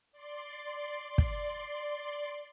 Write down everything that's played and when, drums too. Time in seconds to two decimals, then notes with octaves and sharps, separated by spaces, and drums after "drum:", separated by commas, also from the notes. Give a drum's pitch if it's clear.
0.12 D5 C6
1.18 drum: kick